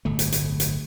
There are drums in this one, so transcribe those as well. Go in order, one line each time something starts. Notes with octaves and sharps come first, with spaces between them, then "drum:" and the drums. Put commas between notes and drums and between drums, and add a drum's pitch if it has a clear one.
D1 G1 A3
drum: hi-hat
drum: hi-hat
drum: hi-hat